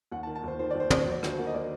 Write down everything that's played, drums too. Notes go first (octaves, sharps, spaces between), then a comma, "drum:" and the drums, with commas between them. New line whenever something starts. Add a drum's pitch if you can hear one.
D#2 F#5
A5
D#3
A5
D#2 C5
D#3 C5
D#2 D5
C5
D#2 D5, drum: tom
C5
F#3
D5
D2 C5, drum: rim click
A#3 F#5
D#5
A#3 D5